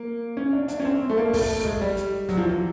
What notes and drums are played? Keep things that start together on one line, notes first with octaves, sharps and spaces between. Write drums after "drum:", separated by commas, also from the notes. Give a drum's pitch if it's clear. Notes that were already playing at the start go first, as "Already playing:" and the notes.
Already playing: A#3
C#4
D4
D4, drum: hi-hat
C#4
C4
A3
A#3
A3, drum: kick, open hi-hat
G#3, drum: kick
G3
drum: hi-hat
F#3, drum: snare
F3
E3